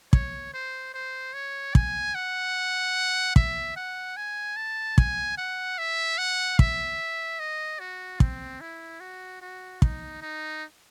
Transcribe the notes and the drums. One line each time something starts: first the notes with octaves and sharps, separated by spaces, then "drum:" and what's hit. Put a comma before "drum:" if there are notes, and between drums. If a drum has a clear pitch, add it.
C#5, drum: kick
C5
C5
C#5
G#5, drum: kick
F#5
E5, drum: kick
F#5
G#5
A5
G#5, drum: kick
F#5
E5
F#5
E5, drum: kick
D#5
F#4
C4, drum: kick
E4
F#4
F#4
D#4, drum: kick
D#4